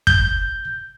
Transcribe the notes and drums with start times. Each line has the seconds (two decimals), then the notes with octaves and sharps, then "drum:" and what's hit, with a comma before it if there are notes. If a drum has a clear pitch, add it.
0.07 G6, drum: kick